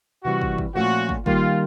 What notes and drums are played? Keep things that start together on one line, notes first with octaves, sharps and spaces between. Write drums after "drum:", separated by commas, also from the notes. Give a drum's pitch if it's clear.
C3 E3 G3 F#4
drum: kick
drum: kick
A#2 F3 A3 C#4 F4 F#4
drum: kick
D#3 G3 A#3 F4, drum: kick